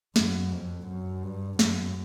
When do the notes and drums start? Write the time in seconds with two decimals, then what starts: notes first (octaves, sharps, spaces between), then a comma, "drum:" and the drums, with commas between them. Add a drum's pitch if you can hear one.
0.16 F#2, drum: snare
0.51 F2
0.87 F#2
1.23 G2
1.59 F#2, drum: snare